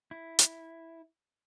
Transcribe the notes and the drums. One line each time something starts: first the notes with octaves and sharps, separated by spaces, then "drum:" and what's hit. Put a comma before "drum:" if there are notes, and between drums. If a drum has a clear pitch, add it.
E4
drum: hi-hat